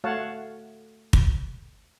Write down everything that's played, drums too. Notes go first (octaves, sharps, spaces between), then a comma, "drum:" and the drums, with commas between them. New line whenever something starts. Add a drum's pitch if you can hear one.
A3 F#4 C#5 F5 F#5 A5
drum: kick